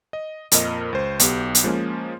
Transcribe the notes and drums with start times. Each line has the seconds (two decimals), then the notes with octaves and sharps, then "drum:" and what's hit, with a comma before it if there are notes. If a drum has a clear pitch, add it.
0.13 D#5
0.52 F2 A#2 A#4 D#5, drum: hi-hat
0.93 C#2 C5
1.20 B1 B3 G4, drum: hi-hat
1.55 drum: hi-hat
1.64 F3 G#3 A#3 C#4